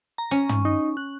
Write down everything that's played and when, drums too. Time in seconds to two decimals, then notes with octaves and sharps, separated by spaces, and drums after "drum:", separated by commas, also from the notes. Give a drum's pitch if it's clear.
0.18 A#5
0.31 C#4
0.49 drum: tom
0.65 D#4
0.97 F#6